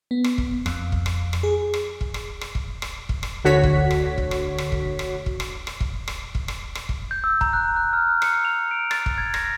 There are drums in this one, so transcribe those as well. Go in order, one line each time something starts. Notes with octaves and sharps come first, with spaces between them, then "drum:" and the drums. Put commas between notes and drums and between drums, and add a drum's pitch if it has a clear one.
B3
drum: rim click
drum: kick
F2, drum: rim click
drum: kick
drum: rim click
drum: rim click
G#4
drum: rim click
drum: kick
drum: rim click
drum: rim click
drum: kick
drum: rim click
drum: kick
drum: rim click
D2 D3 F#4 C#5 B6
drum: kick
drum: rim click
drum: kick
drum: rim click
drum: rim click
drum: kick
drum: rim click
drum: kick
drum: rim click
drum: rim click
drum: kick
drum: rim click
drum: kick
drum: rim click
drum: rim click
drum: kick
G6
E6
A#5, drum: kick
F#6
F#6
F6
C#7, drum: rim click
F7
D7
A6, drum: rim click
drum: kick
G#6
A#6, drum: rim click